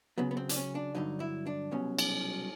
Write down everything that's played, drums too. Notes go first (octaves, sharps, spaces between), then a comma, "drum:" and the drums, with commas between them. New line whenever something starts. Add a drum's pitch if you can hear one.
C#2 C#3 F#3 B3
B3
C4
D4, drum: hi-hat
C#4
D4
G2 D3 F#3 D#4
E4
D4
C2 B2 F#3 C#4
drum: cymbal